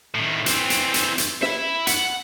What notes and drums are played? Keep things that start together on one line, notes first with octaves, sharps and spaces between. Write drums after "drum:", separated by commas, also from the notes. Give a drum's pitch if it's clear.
A2 D#3
E3 C4, drum: hi-hat
drum: hi-hat
drum: hi-hat
drum: hi-hat
E5 B5, drum: snare
F#5, drum: hi-hat